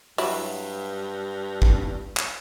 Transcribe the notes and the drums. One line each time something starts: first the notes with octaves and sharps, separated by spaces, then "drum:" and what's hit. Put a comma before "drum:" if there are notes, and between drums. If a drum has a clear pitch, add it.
G2 F#3 E4, drum: open hi-hat
drum: kick
drum: clap